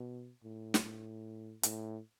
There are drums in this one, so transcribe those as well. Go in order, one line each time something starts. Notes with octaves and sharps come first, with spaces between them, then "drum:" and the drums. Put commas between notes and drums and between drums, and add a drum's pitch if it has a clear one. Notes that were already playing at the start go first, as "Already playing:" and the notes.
Already playing: B2
A2
drum: snare
A2
A2, drum: hi-hat